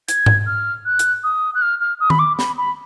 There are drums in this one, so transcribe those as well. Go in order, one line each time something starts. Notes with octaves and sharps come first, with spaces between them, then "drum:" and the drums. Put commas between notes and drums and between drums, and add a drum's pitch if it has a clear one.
G#6, drum: hi-hat
drum: tom G#2
F6
F#6
drum: hi-hat
D#6
F#6
F6
F6
D#6
B5, drum: tom D#3
D6
B5, drum: snare
B5